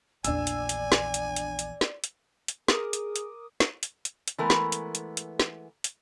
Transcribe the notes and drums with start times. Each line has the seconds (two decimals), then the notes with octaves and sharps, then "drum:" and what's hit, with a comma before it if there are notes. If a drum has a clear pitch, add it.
0.24 A#1 E2 D4 D5 G#5 E6, drum: hi-hat
0.47 drum: hi-hat
0.69 drum: hi-hat
0.92 drum: snare
1.14 drum: hi-hat
1.36 drum: hi-hat
1.59 drum: hi-hat
1.81 drum: snare
2.04 drum: hi-hat
2.48 drum: hi-hat
2.68 G#4 A#4 D6 D#6, drum: snare
2.93 drum: hi-hat
3.16 drum: hi-hat
3.60 drum: snare
3.83 drum: hi-hat
4.05 drum: hi-hat
4.28 drum: hi-hat
4.38 E3 G#3 A3 B3 A#4
4.50 drum: snare
4.72 drum: hi-hat
4.95 drum: hi-hat
5.17 drum: hi-hat
5.40 drum: snare
5.84 drum: hi-hat